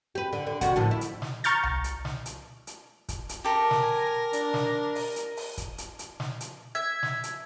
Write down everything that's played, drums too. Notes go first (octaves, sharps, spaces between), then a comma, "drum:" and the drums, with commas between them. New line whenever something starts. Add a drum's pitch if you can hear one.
G4 B4
D3
D3
D#2 C3 F#4, drum: kick, hi-hat
A2 D3 F3
E4
drum: hi-hat
drum: snare
A#5 C#6 F6 G6 A6, drum: hi-hat
drum: tom C2
drum: hi-hat
drum: snare
drum: hi-hat
drum: hi-hat
drum: kick, hi-hat
drum: hi-hat
G4 A4 A#4
drum: snare
G#5
D4, drum: hi-hat
drum: snare
drum: open hi-hat
drum: hi-hat
drum: open hi-hat
drum: kick, hi-hat
drum: hi-hat
drum: hi-hat
drum: snare
drum: hi-hat
E5 G#6
drum: snare
drum: hi-hat